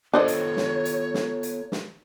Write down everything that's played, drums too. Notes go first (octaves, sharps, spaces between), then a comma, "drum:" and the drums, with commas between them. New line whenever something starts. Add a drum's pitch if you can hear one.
B3 D4 F4 A4 C5 C#5 D#5
drum: hi-hat
drum: snare
drum: hi-hat
drum: snare
drum: hi-hat
drum: snare